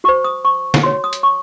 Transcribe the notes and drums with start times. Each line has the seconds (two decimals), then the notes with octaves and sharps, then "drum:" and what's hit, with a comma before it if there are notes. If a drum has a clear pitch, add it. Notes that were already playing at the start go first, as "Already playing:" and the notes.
0.04 F#4 C5 C#6
0.24 D#6
0.45 C#6
0.74 drum: snare
0.83 F#4 C#5 C6
1.04 D#6
1.13 drum: hi-hat
1.23 C#6